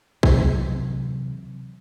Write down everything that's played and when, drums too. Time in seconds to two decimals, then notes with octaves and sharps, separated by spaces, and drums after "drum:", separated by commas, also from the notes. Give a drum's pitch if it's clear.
0.23 C3 E3 F#3 C4, drum: kick B1